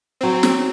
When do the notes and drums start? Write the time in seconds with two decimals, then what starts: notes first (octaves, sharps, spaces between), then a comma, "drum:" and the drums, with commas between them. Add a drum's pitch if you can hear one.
0.21 F#3 C4
0.43 drum: snare